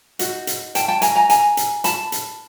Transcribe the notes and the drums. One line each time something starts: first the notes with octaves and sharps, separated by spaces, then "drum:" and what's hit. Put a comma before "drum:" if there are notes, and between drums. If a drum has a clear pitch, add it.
D#4 F#4, drum: hi-hat
drum: hi-hat
G5 A5, drum: hi-hat
G5 A5
G#5 A#5, drum: hi-hat
G#5 A#5
G#5 A#5, drum: hi-hat
drum: hi-hat
A5 B5, drum: hi-hat
drum: hi-hat